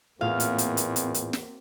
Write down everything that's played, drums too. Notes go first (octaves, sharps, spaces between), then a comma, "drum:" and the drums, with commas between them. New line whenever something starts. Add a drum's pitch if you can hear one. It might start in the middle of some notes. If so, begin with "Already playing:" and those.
E2 A2 A#3 C4 E4 F4 F5
drum: hi-hat
drum: hi-hat
drum: hi-hat
drum: hi-hat
drum: hi-hat
drum: snare